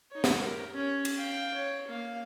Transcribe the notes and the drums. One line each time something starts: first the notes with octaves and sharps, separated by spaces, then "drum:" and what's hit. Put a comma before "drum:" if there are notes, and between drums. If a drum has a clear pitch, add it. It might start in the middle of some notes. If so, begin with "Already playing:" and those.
D#4 C#5
drum: snare
G4 A#4
C#4 C#5
drum: cymbal
F5 G5
C#5
A#3 F5